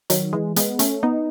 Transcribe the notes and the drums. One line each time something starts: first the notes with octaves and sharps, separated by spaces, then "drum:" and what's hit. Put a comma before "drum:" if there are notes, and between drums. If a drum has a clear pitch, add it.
D#3 F#3, drum: hi-hat
E3 G#3
G#3 B3, drum: hi-hat
A3 C#4, drum: hi-hat
B3 D#4